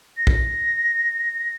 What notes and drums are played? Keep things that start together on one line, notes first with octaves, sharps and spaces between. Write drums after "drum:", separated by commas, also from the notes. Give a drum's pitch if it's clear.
A#6
drum: kick A#1